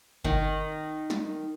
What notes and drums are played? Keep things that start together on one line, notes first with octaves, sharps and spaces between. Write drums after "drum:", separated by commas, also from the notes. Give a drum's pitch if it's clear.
D#3, drum: kick G1
drum: snare